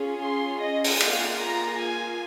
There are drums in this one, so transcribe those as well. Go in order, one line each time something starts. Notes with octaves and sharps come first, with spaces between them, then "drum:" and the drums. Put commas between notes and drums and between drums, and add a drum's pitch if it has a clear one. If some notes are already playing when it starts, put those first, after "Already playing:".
Already playing: C#4 F4 G#4
C6
D#5
drum: open hi-hat
A#3 F4 G#4 F5, drum: cymbal
A#5
G#5